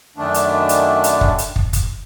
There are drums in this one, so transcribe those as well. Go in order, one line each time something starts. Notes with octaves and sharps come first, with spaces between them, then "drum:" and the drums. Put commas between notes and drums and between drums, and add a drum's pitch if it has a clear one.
F#2 D#3 A3 D4
drum: hi-hat
drum: hi-hat
drum: hi-hat
drum: kick
drum: hi-hat
drum: kick
drum: kick, hi-hat